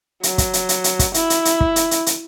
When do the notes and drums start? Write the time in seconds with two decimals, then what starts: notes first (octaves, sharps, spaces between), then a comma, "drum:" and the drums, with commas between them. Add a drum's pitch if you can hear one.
0.23 F#3, drum: hi-hat
0.38 drum: kick, hi-hat
0.53 drum: hi-hat
0.69 drum: hi-hat
0.84 drum: hi-hat
0.99 drum: kick, hi-hat
1.14 E4, drum: hi-hat
1.30 drum: hi-hat
1.45 drum: hi-hat
1.61 drum: kick
1.76 drum: hi-hat
1.91 drum: hi-hat
2.06 drum: hi-hat